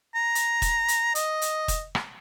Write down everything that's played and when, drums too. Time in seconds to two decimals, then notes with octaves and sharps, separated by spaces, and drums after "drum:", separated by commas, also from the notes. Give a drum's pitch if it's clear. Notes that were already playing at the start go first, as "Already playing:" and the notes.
0.15 A#5
0.35 drum: hi-hat
0.62 drum: kick, hi-hat
0.88 drum: hi-hat
1.15 D#5, drum: hi-hat
1.42 drum: hi-hat
1.68 drum: kick, hi-hat
1.95 drum: rim click